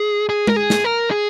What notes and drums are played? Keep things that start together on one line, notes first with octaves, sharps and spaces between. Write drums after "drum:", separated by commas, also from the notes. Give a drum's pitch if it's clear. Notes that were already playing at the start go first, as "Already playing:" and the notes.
Already playing: G#4
G#4
A#4, drum: tom G#3
G#4
drum: snare
A#4
G#4